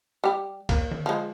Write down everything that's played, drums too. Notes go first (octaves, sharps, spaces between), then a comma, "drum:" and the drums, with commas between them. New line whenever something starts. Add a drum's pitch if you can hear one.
G3 G4
A#3, drum: kick C2, cymbal
drum: tom D3
F3 G#3